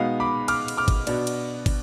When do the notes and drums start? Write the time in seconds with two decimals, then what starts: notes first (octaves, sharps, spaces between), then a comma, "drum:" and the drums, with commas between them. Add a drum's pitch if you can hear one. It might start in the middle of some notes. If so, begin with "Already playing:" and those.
Already playing: B2 G#3 B3 D#4 F5
0.20 B5 D6
0.48 D6 F6, drum: cymbal
0.68 drum: cymbal
0.77 D6 F6
0.88 drum: kick, cymbal
1.07 B2 B3 D4, drum: cymbal
1.27 drum: cymbal
1.66 drum: kick, cymbal